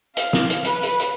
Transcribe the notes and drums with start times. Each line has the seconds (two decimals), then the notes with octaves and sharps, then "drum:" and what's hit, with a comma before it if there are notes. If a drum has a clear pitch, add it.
0.17 F5, drum: hi-hat
0.33 drum: snare
0.50 drum: hi-hat
0.64 B4, drum: hi-hat
0.83 drum: hi-hat
1.00 drum: hi-hat